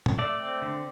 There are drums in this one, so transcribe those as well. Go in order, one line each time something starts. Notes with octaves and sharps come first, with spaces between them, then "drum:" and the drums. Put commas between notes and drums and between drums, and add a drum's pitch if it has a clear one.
drum: tom
A3 D5
C4
D3